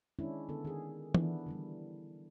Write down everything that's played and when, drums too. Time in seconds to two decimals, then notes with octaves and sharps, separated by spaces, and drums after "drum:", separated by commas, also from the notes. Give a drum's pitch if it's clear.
0.19 D#3 G#3 C#4 D4 E4
0.49 D3 B3 A4
0.65 D#3 G#4
1.14 D#3 B3 D4 E4, drum: tom E3
1.46 D3 E3 G3